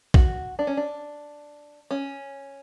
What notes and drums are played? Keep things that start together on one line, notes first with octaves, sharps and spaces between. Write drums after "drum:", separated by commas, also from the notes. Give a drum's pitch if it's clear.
F#4, drum: kick
D4
C#4
D4
C#4